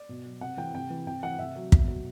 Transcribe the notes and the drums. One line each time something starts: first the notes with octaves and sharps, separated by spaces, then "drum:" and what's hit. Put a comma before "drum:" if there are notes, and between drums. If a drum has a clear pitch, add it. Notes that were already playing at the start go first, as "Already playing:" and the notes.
Already playing: D5
B2
F#3
C3 F#5
E3 G5
C3 G5
E3
C3 G5
E3 F#5
C3 E5
F#3
B2, drum: kick
F#3